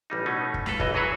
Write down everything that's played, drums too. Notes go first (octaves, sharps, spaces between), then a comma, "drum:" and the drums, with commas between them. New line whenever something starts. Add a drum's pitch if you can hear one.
A1 G3 D#4
B2 A3 C#4 D#4
drum: kick
A4 B4 F5, drum: snare
B1 E3 D#5, drum: kick
E3 F#3 F#4 G#4 B4 C#5